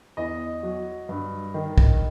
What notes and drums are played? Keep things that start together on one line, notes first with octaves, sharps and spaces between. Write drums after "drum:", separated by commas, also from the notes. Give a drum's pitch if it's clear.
E2 D#5
F#3
G2
D#3
drum: kick